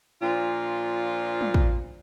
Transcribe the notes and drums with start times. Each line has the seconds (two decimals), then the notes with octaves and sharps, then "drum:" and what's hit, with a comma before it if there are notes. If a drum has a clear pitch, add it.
0.21 A#2 F3 D4 F4
1.41 drum: tom
1.54 drum: kick